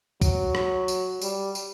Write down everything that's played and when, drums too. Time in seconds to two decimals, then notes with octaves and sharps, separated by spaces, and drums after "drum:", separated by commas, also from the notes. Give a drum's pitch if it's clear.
0.22 F#3, drum: kick, tambourine
0.55 drum: rim click
0.88 drum: tambourine
1.21 G3, drum: tambourine
1.55 drum: tambourine